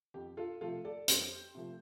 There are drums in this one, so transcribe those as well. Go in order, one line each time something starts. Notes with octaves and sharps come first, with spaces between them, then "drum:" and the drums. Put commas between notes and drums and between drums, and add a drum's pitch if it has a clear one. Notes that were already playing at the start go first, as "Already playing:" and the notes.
F2 G4
F4 A4
C3 F3 A3 F4 A4
A4 D5
F2 G4 C5, drum: hi-hat
C3 F3 A3